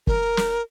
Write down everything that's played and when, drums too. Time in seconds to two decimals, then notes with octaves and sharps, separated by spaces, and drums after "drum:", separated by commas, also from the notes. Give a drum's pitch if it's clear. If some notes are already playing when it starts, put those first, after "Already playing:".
0.07 A#4, drum: kick
0.37 drum: snare